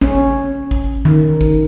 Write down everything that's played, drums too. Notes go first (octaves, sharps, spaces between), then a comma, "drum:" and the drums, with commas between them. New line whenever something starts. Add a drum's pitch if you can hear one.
C#4, drum: kick
drum: kick
D#3
drum: kick